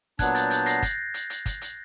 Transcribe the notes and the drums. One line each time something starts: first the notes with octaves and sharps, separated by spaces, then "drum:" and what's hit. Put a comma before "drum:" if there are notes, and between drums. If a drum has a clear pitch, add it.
A#2 F#3 B3 D4 F#6 G#6, drum: kick, hi-hat
G6 A6, drum: hi-hat
G6 A6, drum: hi-hat
A#6 C7, drum: hi-hat
drum: kick, hi-hat
drum: hi-hat
drum: hi-hat
drum: kick, hi-hat
drum: hi-hat